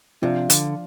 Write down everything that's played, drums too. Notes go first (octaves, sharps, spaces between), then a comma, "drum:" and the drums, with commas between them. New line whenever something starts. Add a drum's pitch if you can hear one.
C3 F3 D4 F4
D3, drum: hi-hat